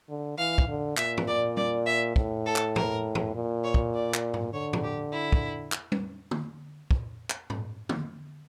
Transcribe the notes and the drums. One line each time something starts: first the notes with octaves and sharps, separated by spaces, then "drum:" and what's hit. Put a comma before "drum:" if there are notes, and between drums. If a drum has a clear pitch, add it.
D3
E3 F5
drum: kick
D3
A#2 E5, drum: clap
drum: tom
D5
D5, drum: tom G3
E5
A2, drum: kick
A4
drum: clap
A#4, drum: tom
drum: tom
A#2
C#5
drum: kick
D5
drum: clap
drum: tom G#2
D3 C#5
drum: tom
G4
E4
drum: kick
drum: clap
drum: tom G3
drum: tom
drum: kick
drum: clap
drum: tom G#2
drum: tom